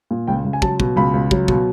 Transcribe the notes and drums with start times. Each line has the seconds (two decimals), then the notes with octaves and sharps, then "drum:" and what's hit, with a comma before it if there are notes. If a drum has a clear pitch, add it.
0.11 A#2
0.27 C#2 G5
0.45 C#2
0.53 G#5
0.62 F#3 A5, drum: kick
0.80 B2, drum: kick
0.96 C#2 B5
1.13 C#2
1.31 F#3, drum: kick
1.48 B2, drum: kick